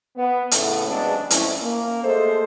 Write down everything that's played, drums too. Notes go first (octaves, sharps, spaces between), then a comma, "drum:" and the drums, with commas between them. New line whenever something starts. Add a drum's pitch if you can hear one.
B3
A2 C#3 B3, drum: hi-hat
C3 E3 F#3 G#3 D4
F2 A2 F3 C#4 E4, drum: hi-hat
A#3
G#3 A3 A4 C5